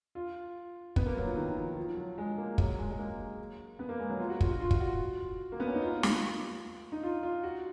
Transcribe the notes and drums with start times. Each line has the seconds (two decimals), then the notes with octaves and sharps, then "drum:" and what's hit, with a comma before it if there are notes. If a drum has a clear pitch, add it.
0.15 F4
0.96 B3, drum: kick
1.06 A#3
1.16 F#3
1.26 F3
1.37 D#3
1.56 F3
1.76 F3
1.97 F#3
2.18 G#3
2.38 A#3
2.58 F#3, drum: kick
2.78 G#3
2.91 G#3
2.98 A#3
3.79 B3
3.89 A#3
4.00 G#3
4.09 F#3
4.20 F4
4.30 F#4
4.41 F4, drum: kick
4.50 F#4
4.60 F4
4.71 drum: kick
4.80 F#4
5.52 A#3
5.60 B3
5.67 C#4
5.74 D#4
5.82 F4
6.03 drum: snare
6.92 D#4
7.03 F4
7.23 F4
7.43 F#4